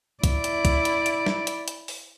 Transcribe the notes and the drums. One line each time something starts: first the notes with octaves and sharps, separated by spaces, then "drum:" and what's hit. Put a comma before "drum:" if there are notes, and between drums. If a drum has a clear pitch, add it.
E4 D5, drum: kick, hi-hat
drum: hi-hat
drum: kick, hi-hat
drum: hi-hat
drum: hi-hat
drum: snare
drum: hi-hat
drum: hi-hat
drum: open hi-hat